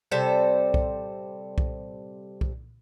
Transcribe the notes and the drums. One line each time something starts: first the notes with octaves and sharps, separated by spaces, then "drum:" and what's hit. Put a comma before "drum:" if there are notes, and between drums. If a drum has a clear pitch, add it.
C3 G3 A4 C5
drum: kick B1
drum: kick B1
drum: kick B1